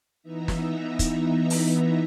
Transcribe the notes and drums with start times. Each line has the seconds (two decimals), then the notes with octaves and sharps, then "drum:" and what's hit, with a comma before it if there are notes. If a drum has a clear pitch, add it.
0.23 E3 B3 D#4 E5 A#5
0.48 drum: snare
0.99 drum: kick, hi-hat
1.50 drum: open hi-hat